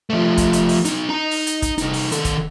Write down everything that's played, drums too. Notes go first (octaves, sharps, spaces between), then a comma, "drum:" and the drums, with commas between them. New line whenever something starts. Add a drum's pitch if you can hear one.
F3 A3
drum: kick, hi-hat
drum: hi-hat
drum: open hi-hat
F#3 D#4, drum: hi-hat
D#4 A#5
drum: open hi-hat
drum: hi-hat
drum: kick, hi-hat
C2 D#4, drum: hi-hat
drum: open hi-hat
D#3 A4, drum: hi-hat
drum: kick, hi-hat